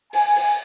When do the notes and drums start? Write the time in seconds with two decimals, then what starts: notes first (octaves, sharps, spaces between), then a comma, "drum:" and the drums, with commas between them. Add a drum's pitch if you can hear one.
0.13 G#5, drum: open hi-hat
0.36 drum: open hi-hat